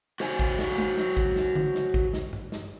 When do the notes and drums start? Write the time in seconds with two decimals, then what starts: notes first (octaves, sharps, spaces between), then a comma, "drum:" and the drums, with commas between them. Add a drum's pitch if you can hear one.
0.20 F#4 C5 C#5 G#5, drum: snare
0.39 drum: kick, hi-hat
0.59 drum: snare
0.78 drum: tom G#3
0.97 drum: snare
1.17 drum: kick, hi-hat
1.36 drum: snare
1.55 drum: tom D3
1.75 drum: snare
1.94 drum: kick, hi-hat
2.13 drum: snare
2.33 drum: tom G2
2.52 drum: snare